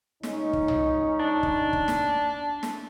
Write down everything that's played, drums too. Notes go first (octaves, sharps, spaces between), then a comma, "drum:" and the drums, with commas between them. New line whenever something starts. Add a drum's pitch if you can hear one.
C#2 C#4 D#4, drum: snare
drum: kick
drum: tom
D4
drum: kick
drum: kick
drum: snare
drum: snare